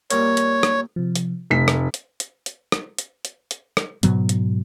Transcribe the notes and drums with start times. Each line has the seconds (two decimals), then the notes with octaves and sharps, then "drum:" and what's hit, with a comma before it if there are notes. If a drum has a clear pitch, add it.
0.11 A#2 G3 A#3 C#5, drum: hi-hat
0.37 drum: hi-hat
0.63 drum: rim click
0.96 C3 F3
1.15 drum: hi-hat
1.50 F1 A3 B6
1.68 drum: rim click
1.94 drum: hi-hat
2.20 drum: hi-hat
2.46 drum: hi-hat
2.72 drum: rim click
2.98 drum: hi-hat
3.25 drum: hi-hat
3.51 drum: hi-hat
3.77 drum: rim click
4.03 G#2 B2 F#3 B3, drum: hi-hat
4.29 drum: hi-hat